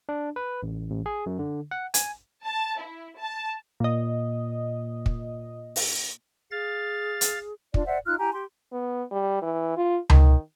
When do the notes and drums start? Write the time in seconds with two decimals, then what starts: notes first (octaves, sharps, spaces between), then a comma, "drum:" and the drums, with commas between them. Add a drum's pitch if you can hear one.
0.09 D4
0.36 B4
0.63 A1
0.90 A1
1.06 G#4
1.26 F#2
1.39 D3
1.71 F#5
1.94 G#5, drum: hi-hat
2.45 A5
2.80 E4
3.18 A5
3.80 A#2 D#5
5.06 drum: kick
5.76 drum: open hi-hat
6.51 G#4 F5 A6
7.21 drum: hi-hat
7.74 D4 F4 D5, drum: kick
7.86 C5 D5 E5 F#5
8.06 D#4 F4 F6 F#6
8.19 E4 G4 G#5 A#5
8.33 G4 C6
8.72 B3
9.11 G3
9.42 E3
9.77 F4
10.10 D#3, drum: tom C#2